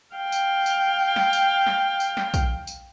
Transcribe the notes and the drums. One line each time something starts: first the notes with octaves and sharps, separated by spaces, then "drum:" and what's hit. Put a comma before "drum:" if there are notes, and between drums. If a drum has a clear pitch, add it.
F5 G5
drum: tambourine
drum: tambourine
drum: snare
drum: tambourine
drum: snare
drum: tambourine
drum: snare
drum: kick, tambourine
drum: tambourine